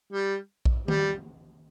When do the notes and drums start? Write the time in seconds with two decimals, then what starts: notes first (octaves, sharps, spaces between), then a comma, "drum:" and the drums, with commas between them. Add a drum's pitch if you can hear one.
0.13 G3
0.65 drum: kick A#1
0.88 G3, drum: tom D#3